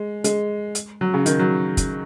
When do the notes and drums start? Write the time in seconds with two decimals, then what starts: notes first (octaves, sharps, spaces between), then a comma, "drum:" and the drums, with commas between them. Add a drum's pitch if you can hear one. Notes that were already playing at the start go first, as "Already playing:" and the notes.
Already playing: G#3
0.24 G#3, drum: hi-hat
0.75 drum: hi-hat
1.01 F#3
1.14 C#3
1.26 D#3, drum: hi-hat
1.39 F#3
1.77 drum: kick, hi-hat